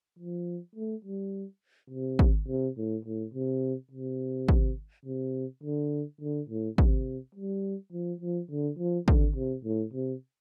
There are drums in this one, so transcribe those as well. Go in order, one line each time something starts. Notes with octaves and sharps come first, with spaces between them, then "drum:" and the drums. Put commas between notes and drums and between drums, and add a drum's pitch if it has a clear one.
F3
A3
G3
C3
drum: kick
C3
A2
A2
C3
C3
drum: kick
C3
D3
D3
A2
C3, drum: kick
G3
F3
F3
D3
F3
D3, drum: kick
C3
A2
C3